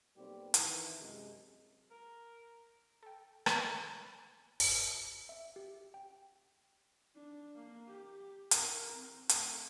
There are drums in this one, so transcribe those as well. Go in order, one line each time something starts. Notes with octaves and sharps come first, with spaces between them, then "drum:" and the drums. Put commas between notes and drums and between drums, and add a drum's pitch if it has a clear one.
B1 G3 A#3 C4 G4
D#3 E3 E4, drum: hi-hat
F#2 C3 G#3
A#4
A4 G5
D#5 G5 G#5 B5 A6, drum: rim click
drum: open hi-hat
E5
G4
G5
D4
A#3
G4
A#4, drum: hi-hat
C4
A3, drum: hi-hat